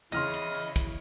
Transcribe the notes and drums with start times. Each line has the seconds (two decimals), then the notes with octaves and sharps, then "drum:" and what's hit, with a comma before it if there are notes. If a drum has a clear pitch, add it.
0.12 C#3 E3 E4 D#5 C6 F6 A#6, drum: hi-hat
0.34 drum: hi-hat
0.55 drum: open hi-hat
0.76 drum: kick, hi-hat